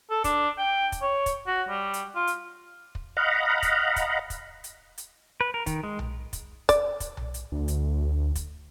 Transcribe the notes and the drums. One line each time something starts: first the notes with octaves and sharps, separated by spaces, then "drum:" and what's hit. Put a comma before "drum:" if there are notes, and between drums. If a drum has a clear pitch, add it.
A4
D4, drum: kick, hi-hat
G5
drum: kick, hi-hat
C#5
drum: kick, hi-hat
F#4
G3
drum: hi-hat
F4
drum: hi-hat
drum: kick
D#5 F5 F#5 A#5 B5
drum: kick, hi-hat
drum: kick, hi-hat
drum: kick, hi-hat
drum: hi-hat
drum: hi-hat
B4
A#4
D#3, drum: kick, hi-hat
G#3
drum: tom B1
drum: kick, hi-hat
D5, drum: kick, hi-hat
drum: kick, hi-hat
drum: tom B1
drum: hi-hat
D2
drum: hi-hat
drum: kick, hi-hat